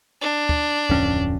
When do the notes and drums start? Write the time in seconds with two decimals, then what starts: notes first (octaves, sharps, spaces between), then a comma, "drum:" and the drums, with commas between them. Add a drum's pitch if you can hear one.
0.21 D4
0.49 drum: kick
0.90 D1 F2 C#4, drum: kick